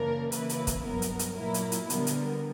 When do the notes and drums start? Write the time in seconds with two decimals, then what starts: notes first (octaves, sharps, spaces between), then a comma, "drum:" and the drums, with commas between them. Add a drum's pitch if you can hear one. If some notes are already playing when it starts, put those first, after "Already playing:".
Already playing: F#2 C#3 E3 A#3 D4 A#4
0.32 C#3 E3 A#3 E4 B4, drum: hi-hat
0.49 drum: hi-hat
0.67 drum: kick, hi-hat
0.84 G2 F#3 B3 A#4
1.02 drum: hi-hat
1.19 drum: hi-hat
1.37 A#2 F#3 A#3 E4 A#4
1.54 drum: hi-hat
1.72 drum: hi-hat
1.90 D3 G3 B3 A#4, drum: hi-hat
2.07 drum: hi-hat